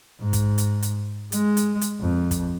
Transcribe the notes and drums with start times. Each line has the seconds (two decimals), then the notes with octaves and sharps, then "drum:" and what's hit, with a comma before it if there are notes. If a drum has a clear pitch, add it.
0.20 G#2
0.33 drum: kick, hi-hat
0.58 drum: hi-hat
0.82 drum: hi-hat
1.32 G#3, drum: hi-hat
1.57 drum: hi-hat
1.81 drum: hi-hat
2.01 F2
2.31 drum: kick, hi-hat